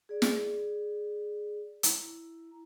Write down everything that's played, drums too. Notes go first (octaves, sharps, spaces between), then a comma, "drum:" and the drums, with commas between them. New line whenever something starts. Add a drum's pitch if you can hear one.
G#4 D5
drum: snare
E4 A#5, drum: hi-hat